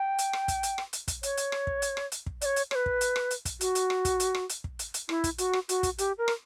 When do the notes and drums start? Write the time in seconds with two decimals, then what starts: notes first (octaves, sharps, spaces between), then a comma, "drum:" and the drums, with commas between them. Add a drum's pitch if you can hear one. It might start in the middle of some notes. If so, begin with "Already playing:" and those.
Already playing: G5
0.18 drum: hi-hat
0.33 drum: rim click
0.48 drum: kick, hi-hat
0.63 drum: hi-hat
0.78 drum: rim click
0.93 drum: hi-hat
1.08 drum: kick, hi-hat
1.23 C#5, drum: hi-hat
1.37 drum: hi-hat
1.52 drum: rim click
1.67 drum: kick
1.82 drum: hi-hat
1.97 drum: rim click
2.12 drum: hi-hat
2.26 drum: kick
2.41 D5, drum: hi-hat
2.45 C#5
2.56 drum: hi-hat
2.71 C#5, drum: rim click
2.75 B4
2.86 drum: kick
3.01 drum: hi-hat
3.16 drum: rim click
3.30 drum: hi-hat
3.45 drum: kick, hi-hat
3.61 F#4, drum: hi-hat
3.75 drum: hi-hat
3.90 drum: rim click
4.05 drum: kick, hi-hat
4.20 drum: hi-hat
4.35 drum: rim click
4.49 drum: hi-hat
4.64 drum: kick
4.79 drum: hi-hat
4.94 drum: hi-hat
5.09 E4, drum: rim click
5.24 drum: kick, hi-hat
5.38 F#4, drum: hi-hat
5.53 drum: rim click
5.69 F#4, drum: hi-hat
5.83 drum: kick, hi-hat
5.98 G4, drum: hi-hat
6.18 A#4
6.28 drum: rim click